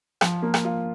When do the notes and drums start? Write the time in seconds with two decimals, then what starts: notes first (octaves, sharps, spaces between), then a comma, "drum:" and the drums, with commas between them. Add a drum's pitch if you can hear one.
0.21 F3, drum: rim click
0.42 A#3
0.54 drum: rim click
0.65 F4